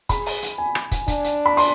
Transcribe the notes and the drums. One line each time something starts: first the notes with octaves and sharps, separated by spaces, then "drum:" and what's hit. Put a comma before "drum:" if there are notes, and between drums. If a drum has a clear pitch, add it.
G#4 B5, drum: kick, hi-hat
drum: open hi-hat
drum: hi-hat
G#5
drum: rim click
drum: kick, hi-hat
D4, drum: kick, hi-hat
drum: hi-hat
B5
C6, drum: open hi-hat